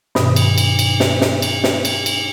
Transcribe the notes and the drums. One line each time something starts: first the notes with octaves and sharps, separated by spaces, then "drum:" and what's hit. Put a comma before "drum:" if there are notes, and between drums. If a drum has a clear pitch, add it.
G2 B2 D#3, drum: snare
drum: cymbal
drum: cymbal
drum: cymbal
drum: snare
drum: snare
drum: cymbal
drum: snare
drum: cymbal
drum: cymbal